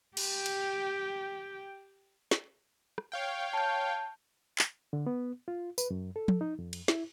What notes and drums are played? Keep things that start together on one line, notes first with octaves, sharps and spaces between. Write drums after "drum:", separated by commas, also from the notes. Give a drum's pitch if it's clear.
G4 G5, drum: cymbal
drum: cymbal
drum: snare
drum: rim click
C#5 F5 G5
A5 G6
drum: clap
D3
B3
F4
B4, drum: tambourine
F#2
A4
drum: tom F3
D#4
F2
drum: cymbal
E4, drum: snare